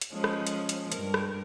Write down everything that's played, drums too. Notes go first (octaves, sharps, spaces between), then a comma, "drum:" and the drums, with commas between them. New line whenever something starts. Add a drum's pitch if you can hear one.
drum: hi-hat
F3 G#3 C#4
drum: rim click
drum: hi-hat
drum: hi-hat
G2 A#4, drum: hi-hat
drum: rim click